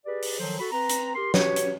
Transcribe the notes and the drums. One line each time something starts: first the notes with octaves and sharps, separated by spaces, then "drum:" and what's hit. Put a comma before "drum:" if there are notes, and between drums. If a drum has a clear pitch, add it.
G4 G#4 B4 D5
drum: open hi-hat
D#3 F3 F#3 A4 C5
F#4 A4 B5
C4 B4 A#5
drum: hi-hat
G4 A#4 C6
F#4 G4 B4 C#5, drum: snare
drum: hi-hat